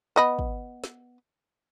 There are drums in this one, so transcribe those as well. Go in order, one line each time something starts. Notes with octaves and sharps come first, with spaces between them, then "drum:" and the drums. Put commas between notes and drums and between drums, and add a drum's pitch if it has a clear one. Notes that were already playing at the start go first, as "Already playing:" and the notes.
B3 D#5 B5
drum: kick
drum: snare